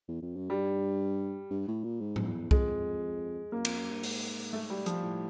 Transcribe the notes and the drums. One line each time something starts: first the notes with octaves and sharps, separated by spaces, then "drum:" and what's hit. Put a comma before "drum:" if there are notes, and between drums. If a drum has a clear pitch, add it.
E2
F2
F#2
G2 G3
G2
A2
A#2
G#2
drum: tom
E2
F2 G#3, drum: kick C2
F#2 A#3
F2, drum: cymbal
F#2
G2
G#2, drum: open hi-hat
A3
G3
F3, drum: hi-hat
A2